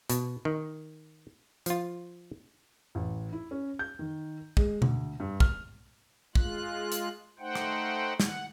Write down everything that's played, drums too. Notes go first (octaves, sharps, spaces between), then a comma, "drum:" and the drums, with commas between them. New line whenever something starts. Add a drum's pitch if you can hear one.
B2, drum: hi-hat
D#3
F3 F4, drum: hi-hat
A1
E4
C#4
G6
D#3
G#3, drum: kick
D2, drum: tom B2
G2
F6, drum: kick
G#3 F4 F#6, drum: kick
drum: hi-hat
A3 D#4 C5 F#5 G5
drum: rim click
F#5, drum: snare